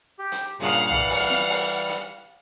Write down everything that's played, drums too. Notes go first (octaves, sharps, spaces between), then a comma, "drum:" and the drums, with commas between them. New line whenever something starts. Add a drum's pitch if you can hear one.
G4
drum: hi-hat
G2 A#2 C#3 F5 F#5 F6
drum: hi-hat
E3 G3, drum: tom A#1
drum: open hi-hat
drum: snare
drum: open hi-hat
drum: hi-hat